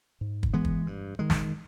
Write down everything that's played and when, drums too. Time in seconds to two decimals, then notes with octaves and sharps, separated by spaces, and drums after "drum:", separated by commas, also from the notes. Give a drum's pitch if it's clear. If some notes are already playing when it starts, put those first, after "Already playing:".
0.21 G#2
0.43 drum: kick
0.53 E3 G#3 B3
0.65 drum: kick
0.86 G2
1.19 D#3 G#3
1.30 drum: snare